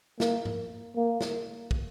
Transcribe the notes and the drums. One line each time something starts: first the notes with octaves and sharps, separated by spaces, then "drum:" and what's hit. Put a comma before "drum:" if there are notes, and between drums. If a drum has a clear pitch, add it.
A#3, drum: snare
drum: tom G#2
A#3
drum: snare
drum: kick